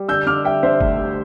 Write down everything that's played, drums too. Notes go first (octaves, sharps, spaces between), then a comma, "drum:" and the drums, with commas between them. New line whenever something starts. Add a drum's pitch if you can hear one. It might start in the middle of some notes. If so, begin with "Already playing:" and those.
Already playing: G3
D3 E6 G6
D3 D6 F6
G3 E5 G5
D3 C5 E5
D2, drum: kick G1
G3